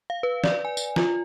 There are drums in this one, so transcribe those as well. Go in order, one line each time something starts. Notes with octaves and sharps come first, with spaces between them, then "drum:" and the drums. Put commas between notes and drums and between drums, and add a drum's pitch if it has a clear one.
F5
B4
D5, drum: snare
G#5
drum: tambourine
F4, drum: snare